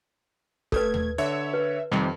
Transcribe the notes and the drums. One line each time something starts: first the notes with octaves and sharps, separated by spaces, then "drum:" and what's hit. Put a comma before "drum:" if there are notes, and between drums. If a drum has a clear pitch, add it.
A3 A4 B4 G#6, drum: kick
drum: tom D#2
D3 C#5 E5
B4
F2 C3 D#3 G3